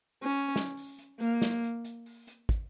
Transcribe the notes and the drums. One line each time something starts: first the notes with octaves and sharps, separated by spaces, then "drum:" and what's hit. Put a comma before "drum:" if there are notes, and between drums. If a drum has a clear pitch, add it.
C#4
drum: snare
drum: open hi-hat
drum: hi-hat
A#3, drum: hi-hat
drum: snare
drum: hi-hat
drum: hi-hat
drum: open hi-hat
drum: hi-hat
drum: kick, hi-hat